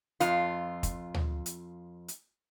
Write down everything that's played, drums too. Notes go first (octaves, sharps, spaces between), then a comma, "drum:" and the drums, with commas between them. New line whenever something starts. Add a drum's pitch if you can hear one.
F2 F4, drum: hi-hat
drum: kick, hi-hat
drum: tom
drum: hi-hat
drum: hi-hat